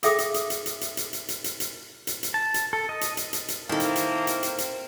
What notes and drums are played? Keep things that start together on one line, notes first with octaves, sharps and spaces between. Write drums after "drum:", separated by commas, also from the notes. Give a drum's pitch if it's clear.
G#4 A4 E5 G5 D6 D#6, drum: hi-hat
drum: hi-hat
drum: hi-hat
drum: hi-hat
drum: hi-hat
drum: hi-hat
drum: hi-hat
drum: hi-hat
drum: hi-hat
drum: hi-hat
drum: hi-hat
drum: hi-hat
drum: hi-hat
A5
drum: hi-hat
A4
D#5
drum: hi-hat
drum: hi-hat
drum: hi-hat
drum: hi-hat
D#3 A#3 C4 E4 A4
drum: hi-hat
drum: hi-hat
drum: hi-hat
drum: hi-hat
drum: hi-hat